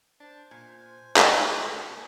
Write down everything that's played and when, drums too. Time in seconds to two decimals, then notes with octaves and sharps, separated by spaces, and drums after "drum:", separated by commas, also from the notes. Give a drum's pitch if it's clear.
0.20 D4 C5
0.51 A#2 G#5
1.16 F3 G3, drum: clap
1.59 G2 A4
1.89 A#3 C#4 C#5